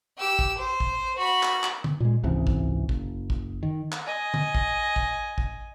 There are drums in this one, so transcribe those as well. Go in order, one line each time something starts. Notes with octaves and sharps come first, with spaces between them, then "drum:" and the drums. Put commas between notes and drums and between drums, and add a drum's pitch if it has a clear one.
G4 E6
drum: kick A1
C5
drum: kick A1
F#4 B5
drum: clap
drum: clap
drum: tom
A#2 G#3
G#1 C#2 C3 E3
drum: kick A1
F#1, drum: kick A1
drum: kick A1
D#3
drum: clap
D#5 G#5
drum: tom
drum: kick A1
drum: kick A1
drum: kick A1